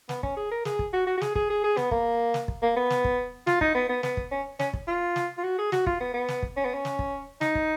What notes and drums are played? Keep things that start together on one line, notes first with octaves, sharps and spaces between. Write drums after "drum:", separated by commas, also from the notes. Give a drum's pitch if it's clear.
B3, drum: snare
C#4, drum: kick
G#4
A#4
G#4, drum: snare
drum: kick
F#4
F#4
F#4
G#4, drum: snare
G#4, drum: kick
G#4
G#4
B3, drum: snare
A#3, drum: kick
drum: snare
drum: kick
A#3
B3
drum: snare
drum: kick
F4, drum: snare
D#4, drum: kick
B3
B3
B3, drum: snare
drum: kick
C#4
C#4, drum: snare
drum: kick
F4
drum: snare
F4
F#4
G#4
F#4, drum: snare
F4, drum: kick
B3
B3
drum: snare
drum: kick
C#4
B3
C#4
drum: snare
drum: kick
D#4, drum: snare
drum: kick